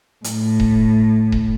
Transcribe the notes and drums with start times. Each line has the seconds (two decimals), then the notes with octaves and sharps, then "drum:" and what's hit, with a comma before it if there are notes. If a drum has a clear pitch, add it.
0.24 A2, drum: hi-hat
0.60 drum: kick D#1
1.32 drum: kick D#1